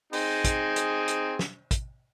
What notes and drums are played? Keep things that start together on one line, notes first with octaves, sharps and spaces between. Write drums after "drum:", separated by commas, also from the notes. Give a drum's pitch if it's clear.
C4 D#4 G#4, drum: open hi-hat
drum: kick, hi-hat
drum: hi-hat
drum: hi-hat
drum: snare
drum: kick, hi-hat